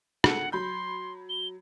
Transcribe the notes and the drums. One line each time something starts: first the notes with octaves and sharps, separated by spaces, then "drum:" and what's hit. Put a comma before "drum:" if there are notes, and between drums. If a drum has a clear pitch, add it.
G#4 A4 F#5, drum: rim click
F#3 B5 C6 G6
G7